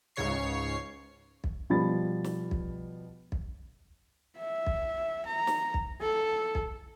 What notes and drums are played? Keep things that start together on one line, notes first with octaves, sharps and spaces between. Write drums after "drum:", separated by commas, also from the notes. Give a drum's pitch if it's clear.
C#2 G#2 C#3 C#5 C#6 C7
drum: kick
B2 F3 G3 B5 A6
drum: snare
drum: kick
drum: kick
E5
drum: kick
A#5
drum: snare
drum: kick
A4
drum: kick